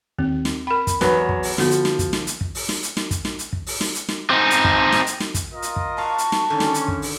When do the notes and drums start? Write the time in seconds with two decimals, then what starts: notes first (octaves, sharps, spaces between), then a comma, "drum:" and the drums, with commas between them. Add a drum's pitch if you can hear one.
0.19 D#2 C4
0.45 drum: snare
0.67 A#4 G5 B5
0.87 drum: kick, hi-hat
1.01 E2 F#3 B3 B4, drum: snare
1.29 drum: kick
1.43 drum: open hi-hat
1.58 D3 F3 B3 F#4, drum: snare
1.71 drum: hi-hat
1.85 drum: snare
1.99 drum: kick, hi-hat
2.13 drum: snare
2.27 drum: hi-hat
2.41 drum: kick
2.55 drum: open hi-hat
2.69 drum: snare
2.83 drum: hi-hat
2.97 drum: snare
3.11 drum: kick, hi-hat
3.25 drum: snare
3.39 drum: hi-hat
3.53 drum: kick
3.67 drum: open hi-hat
3.81 drum: snare
3.95 drum: hi-hat
4.09 drum: snare
4.30 C4 D#4
4.50 drum: hi-hat
4.64 drum: kick
4.92 drum: snare
5.06 drum: hi-hat
5.20 drum: snare
5.34 drum: kick, hi-hat
5.52 F4 A#4 D#5
5.62 drum: hi-hat
5.76 drum: kick
5.98 F5 A5 C#6
6.18 drum: hi-hat
6.32 drum: snare
6.50 D3 D#3 C#4 D#4
6.60 drum: snare
6.74 drum: hi-hat
6.88 drum: kick
7.02 drum: open hi-hat